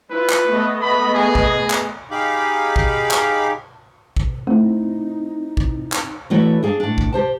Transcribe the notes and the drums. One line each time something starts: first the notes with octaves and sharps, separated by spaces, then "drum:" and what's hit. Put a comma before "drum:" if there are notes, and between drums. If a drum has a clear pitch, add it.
E4 F4 B4
drum: clap
A3 B3 D#5
B5
G#4
drum: kick
drum: clap
D#4 G4 G#4 F5 B5 D6
drum: kick
drum: clap
drum: kick
A3 C4 D#4 E4
drum: kick
drum: clap
E3 A3 E4 F#4 C#5 D5
D4 G#4 F5
A2 D4
drum: kick
G4 C5 A5